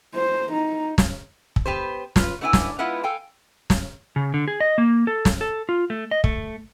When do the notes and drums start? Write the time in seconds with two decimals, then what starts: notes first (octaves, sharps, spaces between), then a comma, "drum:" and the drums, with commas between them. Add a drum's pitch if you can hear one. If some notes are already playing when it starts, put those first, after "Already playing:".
0.15 C5
0.53 D#4
0.98 drum: snare
1.56 drum: kick
1.66 B3 G4 B4 C5
2.16 F4 B4, drum: snare
2.41 A3 B3 D4 E4 E5 G#5
2.53 drum: snare
2.78 G#3 B3 E4 F4 B4 F#5
3.03 A4 F5 G5 G#5
3.70 drum: snare
4.16 C#3
4.34 D3
4.48 G#4
4.61 D#5
4.78 A#3
5.07 A4
5.25 drum: snare
5.41 A4
5.69 F4
5.90 A3
6.11 D#5
6.24 A3, drum: kick